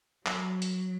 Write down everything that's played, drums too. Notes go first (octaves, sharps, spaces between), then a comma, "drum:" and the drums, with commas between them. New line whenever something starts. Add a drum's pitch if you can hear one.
F#3, drum: clap
drum: hi-hat